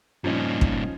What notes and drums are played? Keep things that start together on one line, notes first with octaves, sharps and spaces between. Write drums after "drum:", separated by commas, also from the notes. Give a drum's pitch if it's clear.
G2 A#2 F3 C#4 D#4
drum: kick